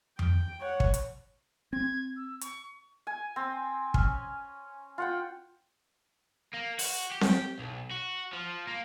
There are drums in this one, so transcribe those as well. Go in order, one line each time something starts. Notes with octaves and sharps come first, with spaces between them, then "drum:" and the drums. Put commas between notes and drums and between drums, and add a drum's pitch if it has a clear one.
G5, drum: tom F2
C#5 F#5
drum: kick
drum: hi-hat
C4 G#6
E6
C#6, drum: hi-hat
G#5
C4
C#4, drum: kick
F4 F#5 G5
A#3
F#4, drum: open hi-hat
G4
drum: snare C4
B1
F#4
F3
A#3